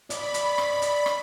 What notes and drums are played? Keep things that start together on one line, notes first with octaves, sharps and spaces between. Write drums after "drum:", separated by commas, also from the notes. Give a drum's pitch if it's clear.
C#5 D5 B5, drum: hi-hat
drum: hi-hat
drum: rim click
drum: hi-hat
drum: rim click